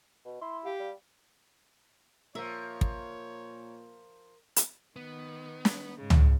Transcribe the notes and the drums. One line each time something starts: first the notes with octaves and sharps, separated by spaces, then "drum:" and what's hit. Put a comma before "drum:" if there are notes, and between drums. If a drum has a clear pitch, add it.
B2
E4 C6
G4 F5
G3
A#2 F3 A#4 C#5 E5
drum: kick
drum: hi-hat
D#3 B3
drum: snare
G#2 C#3
drum: tom C#2